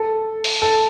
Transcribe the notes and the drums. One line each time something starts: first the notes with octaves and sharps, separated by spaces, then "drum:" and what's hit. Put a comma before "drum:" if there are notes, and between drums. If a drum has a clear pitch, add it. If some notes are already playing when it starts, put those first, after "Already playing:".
Already playing: A4
drum: open hi-hat
A4